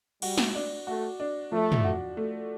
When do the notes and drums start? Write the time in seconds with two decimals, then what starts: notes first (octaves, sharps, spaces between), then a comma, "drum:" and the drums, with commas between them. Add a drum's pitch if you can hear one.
0.22 G3 F#4, drum: cymbal
0.38 drum: snare
0.55 D4
0.87 A3 F#4
1.20 D4
1.52 F3 A3
1.72 drum: tom
1.84 F#4
2.17 A3